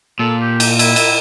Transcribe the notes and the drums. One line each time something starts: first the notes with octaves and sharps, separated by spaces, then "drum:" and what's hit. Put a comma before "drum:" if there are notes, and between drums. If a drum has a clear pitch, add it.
A#2 A4
G4
drum: cymbal
E4, drum: cymbal
drum: cymbal